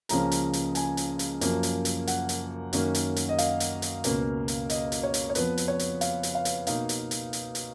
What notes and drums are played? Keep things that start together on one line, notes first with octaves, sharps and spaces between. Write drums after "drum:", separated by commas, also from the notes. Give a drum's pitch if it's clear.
C#2 C#3 F3 A#3 C#4 A#5, drum: hi-hat
drum: hi-hat
drum: hi-hat
G#5, drum: hi-hat
drum: hi-hat
drum: hi-hat
F#2 F3 A#3, drum: hi-hat
drum: hi-hat
drum: hi-hat
F#5, drum: hi-hat
drum: hi-hat
F#2 D#3 A#3 C#4, drum: hi-hat
drum: hi-hat
drum: hi-hat
D#5
F5, drum: hi-hat
drum: hi-hat
drum: hi-hat
C#2 B2 A#3 C#4, drum: hi-hat
drum: hi-hat
D#5, drum: hi-hat
drum: hi-hat
C#5
drum: hi-hat
C#5
F2 F3 B3 B4, drum: hi-hat
drum: hi-hat
C#5
drum: hi-hat
F5, drum: hi-hat
drum: hi-hat
F5
drum: hi-hat
B2 A#3 D#4 F5, drum: hi-hat
drum: hi-hat
drum: hi-hat
drum: hi-hat
drum: hi-hat